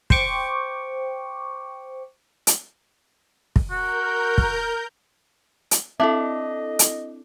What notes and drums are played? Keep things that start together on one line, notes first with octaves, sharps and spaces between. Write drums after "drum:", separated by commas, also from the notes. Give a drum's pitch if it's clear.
C5 G5 C#6 D6, drum: kick
drum: hi-hat
drum: kick
F#4 A#4 G6
drum: kick
drum: hi-hat
C4 D4 E4 A4 D#5 E5
drum: hi-hat